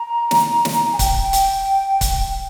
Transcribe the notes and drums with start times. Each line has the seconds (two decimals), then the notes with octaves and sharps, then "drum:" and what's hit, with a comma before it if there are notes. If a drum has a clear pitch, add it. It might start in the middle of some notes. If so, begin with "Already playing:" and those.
Already playing: A#5
0.31 drum: snare
0.65 drum: snare
0.93 G#5
0.99 G5, drum: kick C#1, hi-hat
1.33 drum: hi-hat
2.01 drum: kick C#1, hi-hat